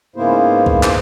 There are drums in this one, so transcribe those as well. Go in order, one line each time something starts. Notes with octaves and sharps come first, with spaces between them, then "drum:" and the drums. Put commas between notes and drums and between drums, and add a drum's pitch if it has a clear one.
G#2 C#3 A#3 B3 E4 C5
drum: kick C2
drum: clap